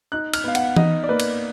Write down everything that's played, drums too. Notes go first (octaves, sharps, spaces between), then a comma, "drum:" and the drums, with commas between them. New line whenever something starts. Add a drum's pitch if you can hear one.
D#4 F#6
F6, drum: cymbal
B3 F5
F#5, drum: cymbal
D#4 D#5, drum: tom E3
D5
A#3 B4
drum: cymbal